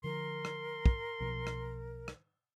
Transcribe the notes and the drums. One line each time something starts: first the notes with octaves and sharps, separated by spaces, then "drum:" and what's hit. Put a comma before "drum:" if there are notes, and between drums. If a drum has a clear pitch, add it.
D3 F3 A#4 C6
drum: rim click
drum: kick
B1 B2 F3
drum: rim click
drum: rim click